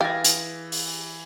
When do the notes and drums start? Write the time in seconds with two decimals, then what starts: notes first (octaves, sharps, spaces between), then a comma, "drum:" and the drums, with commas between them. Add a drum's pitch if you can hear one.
0.01 E3 G4 G#4 F5 A6 A#6
0.24 drum: hi-hat
0.72 drum: open hi-hat